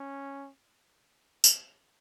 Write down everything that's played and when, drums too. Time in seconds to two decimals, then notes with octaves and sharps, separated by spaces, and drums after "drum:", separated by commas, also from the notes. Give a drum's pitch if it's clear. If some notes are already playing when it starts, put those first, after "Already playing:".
Already playing: C#4
1.44 drum: tambourine